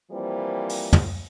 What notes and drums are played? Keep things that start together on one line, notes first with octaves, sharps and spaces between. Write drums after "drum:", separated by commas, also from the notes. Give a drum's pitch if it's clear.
E3 F3 G3 A#3 C4
drum: open hi-hat
drum: tom